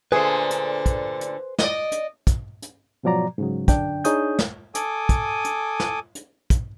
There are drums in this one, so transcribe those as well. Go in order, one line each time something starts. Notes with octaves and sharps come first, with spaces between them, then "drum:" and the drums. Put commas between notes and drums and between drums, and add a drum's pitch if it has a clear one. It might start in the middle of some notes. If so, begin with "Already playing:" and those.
A#2 D3 A3 G#4 B4 C5
drum: hi-hat
drum: kick, hi-hat
drum: hi-hat
D5 D#5, drum: snare
drum: hi-hat
drum: kick, hi-hat
drum: hi-hat
G#2 B2 F3 F#3 D5 A#5
G#2 C#3 F#3
F#2 D3 D4 G5, drum: kick, hi-hat
D4 D#4 G#4 C#5 D#6 G6, drum: hi-hat
drum: snare
A4 G#5 D6 D#6, drum: hi-hat
drum: kick, hi-hat
drum: hi-hat
drum: snare
drum: hi-hat
drum: kick, hi-hat